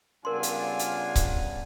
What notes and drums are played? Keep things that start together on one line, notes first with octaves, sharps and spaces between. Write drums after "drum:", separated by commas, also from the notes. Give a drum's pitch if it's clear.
C#3 G3 B3 D4 F4 A#4 G#5 C6
drum: hi-hat
drum: hi-hat
drum: kick C#1, hi-hat